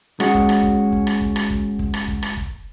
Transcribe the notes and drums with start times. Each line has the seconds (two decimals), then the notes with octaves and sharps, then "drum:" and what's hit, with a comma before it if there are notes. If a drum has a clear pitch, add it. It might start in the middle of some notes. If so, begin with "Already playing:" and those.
0.20 G#3 C#4 F#4, drum: rim click
0.34 drum: kick
0.49 drum: rim click
0.63 drum: kick
0.92 drum: kick
1.07 drum: rim click
1.21 drum: kick
1.36 drum: rim click
1.50 drum: kick
1.79 drum: kick
1.94 drum: rim click
2.08 drum: kick
2.23 drum: rim click
2.37 drum: kick